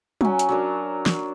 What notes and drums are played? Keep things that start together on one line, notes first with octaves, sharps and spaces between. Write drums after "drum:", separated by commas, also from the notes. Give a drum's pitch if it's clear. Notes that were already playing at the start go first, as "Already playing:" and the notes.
F#3 C#4, drum: tom
drum: hi-hat
F#3 D4 A#4
drum: snare